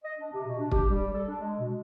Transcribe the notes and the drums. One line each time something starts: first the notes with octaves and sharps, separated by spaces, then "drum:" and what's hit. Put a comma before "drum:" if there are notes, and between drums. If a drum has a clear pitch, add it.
D#5
D4
C3
B2
D4
G4, drum: kick
G3
A4
D4
G#3
B2